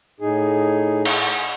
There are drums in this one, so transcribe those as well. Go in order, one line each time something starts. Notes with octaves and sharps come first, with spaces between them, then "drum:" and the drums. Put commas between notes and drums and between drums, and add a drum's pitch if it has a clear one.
A2 D#4 G#4
drum: cymbal